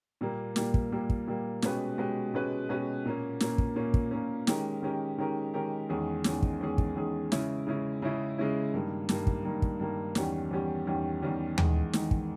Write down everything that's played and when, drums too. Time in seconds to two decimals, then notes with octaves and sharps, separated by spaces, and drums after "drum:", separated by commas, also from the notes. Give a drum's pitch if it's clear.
0.21 A#2 G3 A#3
0.56 A#2 G3 A#3, drum: snare
0.74 drum: kick
0.92 A#2 G3 A#3
1.10 drum: kick
1.27 A#2 G3 A#3
1.62 B2 G#3 C#4 G4 B4, drum: snare
1.98 B2 G#3 C#4 G4 B4
2.34 B2 G#3 C#4 G4 B4
2.69 B2 G#3 C#4 G4 B4
3.05 A#2 A#3 C#4
3.40 A#2 A#3 C#4, drum: snare
3.58 drum: kick
3.76 A#2 A#3 C#4
3.94 drum: kick
4.11 A#2 A#3 C#4
4.47 D#3 G#3 C#4 G4 A#4, drum: snare
4.82 D#3 G#3 C#4 G4 A#4
5.18 D#3 G#3 C#4 G4 A#4
5.54 D#3 G#3 C#4 G4 A#4
5.89 E2 D#3 G#3 C#4 G#4
6.24 E2 D#3 G#3 C#4 G#4, drum: snare
6.42 drum: kick
6.60 E2 D#3 G#3 C#4 G#4
6.78 drum: kick
6.95 E2 D#3 G#3 C#4 G#4
7.32 C#3 G#3 C#4 E4, drum: snare
7.67 C#3 G#3 C#4 E4
8.02 C#3 G#3 C#4 E4
8.38 C#3 G#3 C#4 E4
8.74 G2 D#3 A#3
9.09 G2 D#3 A#3, drum: snare
9.27 drum: kick
9.45 G2 D#3 A#3
9.62 drum: kick
9.80 G2 D#3 A#3
10.15 E2 D#3 G3 C#4 G4, drum: snare
10.51 E2 D#3 G3 C#4 G4
10.86 E2 D#3 G3 C#4 G4
11.22 E2 D#3 G3 C#4 G4
11.58 E2 D#3 G#3, drum: tom
11.93 E2 D#3 G#3, drum: snare
12.11 drum: kick